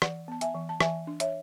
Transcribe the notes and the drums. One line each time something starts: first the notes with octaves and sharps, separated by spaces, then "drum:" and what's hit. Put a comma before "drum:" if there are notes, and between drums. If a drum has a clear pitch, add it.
E3 D5 F#5, drum: rim click
B3 A5
E5 G#5, drum: hi-hat
E3
A5
E3 E5 G#5, drum: rim click
D4
C#5 E5, drum: hi-hat